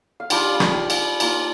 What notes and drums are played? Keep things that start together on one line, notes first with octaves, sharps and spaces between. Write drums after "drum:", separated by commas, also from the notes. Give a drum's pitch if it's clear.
F5
G3 D4 F4 G5, drum: cymbal
F5
G5, drum: rim click
F5, drum: cymbal
A#3 F4 F5, drum: cymbal